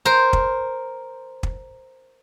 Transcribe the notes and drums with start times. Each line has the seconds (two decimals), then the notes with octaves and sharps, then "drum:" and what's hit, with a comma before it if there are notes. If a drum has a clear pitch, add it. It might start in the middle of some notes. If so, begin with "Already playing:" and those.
0.05 A#4 C5
0.33 drum: kick
1.43 drum: kick